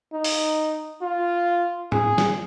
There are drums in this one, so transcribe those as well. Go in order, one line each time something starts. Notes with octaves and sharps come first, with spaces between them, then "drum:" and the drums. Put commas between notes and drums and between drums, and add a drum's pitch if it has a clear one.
D#4
drum: open hi-hat
F4
G#4, drum: tom A2
drum: snare